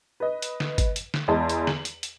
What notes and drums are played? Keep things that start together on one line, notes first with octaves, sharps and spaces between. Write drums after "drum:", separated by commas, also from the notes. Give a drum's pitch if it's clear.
B4 D#5
drum: hi-hat
drum: snare
drum: kick G#1, hi-hat
drum: hi-hat
drum: snare
E2 G#3 D#5 A5 C6
drum: hi-hat
F#7, drum: snare
drum: hi-hat
drum: hi-hat